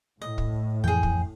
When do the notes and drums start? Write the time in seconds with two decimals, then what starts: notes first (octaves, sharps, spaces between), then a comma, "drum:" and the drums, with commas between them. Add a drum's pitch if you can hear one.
0.22 A2 D#5
0.38 drum: kick
0.84 F2 E3 G#4 G5
1.03 drum: kick